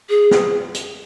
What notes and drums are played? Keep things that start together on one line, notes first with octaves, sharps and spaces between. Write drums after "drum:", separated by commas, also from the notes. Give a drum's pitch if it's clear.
G#4
drum: snare
drum: hi-hat